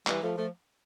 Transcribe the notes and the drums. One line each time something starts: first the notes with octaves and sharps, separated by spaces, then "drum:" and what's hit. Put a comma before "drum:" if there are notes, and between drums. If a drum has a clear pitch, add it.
E3 G3, drum: clap
F3 A3
F3 A3